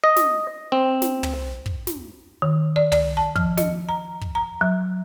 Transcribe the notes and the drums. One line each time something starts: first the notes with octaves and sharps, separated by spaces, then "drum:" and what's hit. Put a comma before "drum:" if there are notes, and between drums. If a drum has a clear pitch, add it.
D#5
drum: snare
C4
drum: snare
drum: tom
drum: kick
drum: snare
D#3
D5
D5, drum: tom
A5
F3, drum: kick
D#5, drum: snare
A#5
drum: kick
A#5
F#3